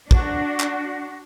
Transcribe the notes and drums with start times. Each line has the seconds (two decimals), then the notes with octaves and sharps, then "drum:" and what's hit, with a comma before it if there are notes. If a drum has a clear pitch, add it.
0.11 D4 F#4, drum: kick
0.60 drum: clap